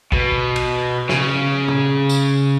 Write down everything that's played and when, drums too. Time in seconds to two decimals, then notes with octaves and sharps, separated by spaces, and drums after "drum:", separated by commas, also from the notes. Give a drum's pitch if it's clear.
0.12 B2, drum: kick
0.56 drum: cymbal
1.09 C#3, drum: snare
1.68 drum: tom
2.09 drum: tambourine